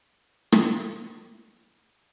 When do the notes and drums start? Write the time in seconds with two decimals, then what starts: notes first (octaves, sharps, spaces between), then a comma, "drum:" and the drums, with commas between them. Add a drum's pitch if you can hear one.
0.17 D#3
0.52 drum: rim click
0.87 F#2 E3 G4